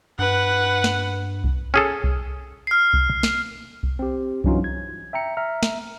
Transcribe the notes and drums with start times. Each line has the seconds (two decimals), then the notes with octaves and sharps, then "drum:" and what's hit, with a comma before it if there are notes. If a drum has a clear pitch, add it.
0.19 G2 B4 F#5
0.84 drum: snare
1.44 drum: kick C2
1.74 C#4 G#4 A4
2.04 drum: kick C2
2.67 F6 C7
2.93 drum: kick C2
3.23 drum: snare
3.83 drum: kick C2
3.99 C4 G4
4.44 G2 E3 F#3 C#4 D#4 F4, drum: kick C2
4.64 G#6
5.13 E5 G5 A#5 C#7
5.37 E5 A#5 F6
5.63 drum: snare